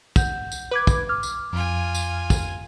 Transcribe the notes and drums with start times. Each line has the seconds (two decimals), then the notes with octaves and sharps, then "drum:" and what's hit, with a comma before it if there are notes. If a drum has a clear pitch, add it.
0.16 F#5 G6, drum: kick, tambourine
0.52 drum: tambourine
0.71 B4 D6 G#6
0.87 drum: kick, tambourine
1.09 D6 F6
1.23 drum: tambourine
1.53 F2 F4 G#5
1.94 drum: tambourine
2.30 drum: kick, tambourine